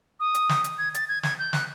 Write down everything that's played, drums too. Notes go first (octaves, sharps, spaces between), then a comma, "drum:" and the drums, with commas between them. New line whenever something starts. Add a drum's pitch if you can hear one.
D#6
drum: hi-hat
drum: snare
drum: hi-hat
G#6
A6, drum: hi-hat
G#6
G#6, drum: snare
G6
F#6, drum: snare